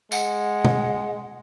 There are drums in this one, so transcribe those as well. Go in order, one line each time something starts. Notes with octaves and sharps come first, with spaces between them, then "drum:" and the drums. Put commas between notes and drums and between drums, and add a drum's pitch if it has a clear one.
G#3 F#5, drum: tambourine
drum: tom